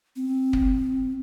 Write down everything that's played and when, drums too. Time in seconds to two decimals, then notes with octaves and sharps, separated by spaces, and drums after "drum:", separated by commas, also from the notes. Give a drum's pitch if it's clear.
0.16 C4
0.53 drum: kick